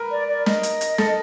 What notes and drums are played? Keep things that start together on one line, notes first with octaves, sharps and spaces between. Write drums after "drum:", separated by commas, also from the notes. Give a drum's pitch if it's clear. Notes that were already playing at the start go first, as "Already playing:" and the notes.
Already playing: A#4 B4
D5
D5
D#5, drum: snare
drum: hi-hat
drum: hi-hat
A4, drum: snare